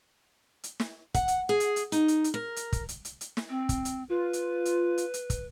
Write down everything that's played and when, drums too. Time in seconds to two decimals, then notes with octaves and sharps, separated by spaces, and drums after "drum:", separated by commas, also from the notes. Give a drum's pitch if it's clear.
0.64 drum: hi-hat
0.80 drum: snare
1.14 F#5, drum: kick, hi-hat
1.28 drum: hi-hat
1.49 G#4
1.60 drum: hi-hat
1.76 drum: hi-hat
1.92 D#4, drum: hi-hat
2.08 drum: hi-hat
2.24 drum: hi-hat
2.34 A#4
2.56 drum: hi-hat
2.73 drum: kick, hi-hat
2.89 drum: hi-hat
3.05 drum: hi-hat
3.21 drum: hi-hat
3.37 drum: snare
3.50 C4
3.69 drum: kick, hi-hat
3.85 drum: hi-hat
4.10 F4 B4
4.33 drum: hi-hat
4.65 drum: hi-hat
4.98 drum: hi-hat
5.14 drum: hi-hat
5.30 drum: kick, hi-hat